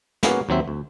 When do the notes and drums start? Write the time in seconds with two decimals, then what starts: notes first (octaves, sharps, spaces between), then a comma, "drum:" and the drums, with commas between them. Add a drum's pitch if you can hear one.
0.23 A#3 B3 C#4 F#4 G#4 F5, drum: snare
0.49 D#2 F#3 C4 E5
0.68 D2